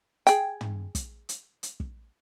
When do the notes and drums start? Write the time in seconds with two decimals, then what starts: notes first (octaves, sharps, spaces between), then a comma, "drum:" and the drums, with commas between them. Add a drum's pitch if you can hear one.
0.27 G#4 G5, drum: hi-hat
0.61 drum: tom
0.95 drum: kick, hi-hat
1.29 drum: hi-hat
1.63 drum: hi-hat
1.80 drum: kick